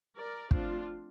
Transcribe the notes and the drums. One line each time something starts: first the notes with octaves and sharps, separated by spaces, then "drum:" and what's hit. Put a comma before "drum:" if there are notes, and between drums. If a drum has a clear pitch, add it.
A#4 D5
F3 A3 C4 D4 F4, drum: kick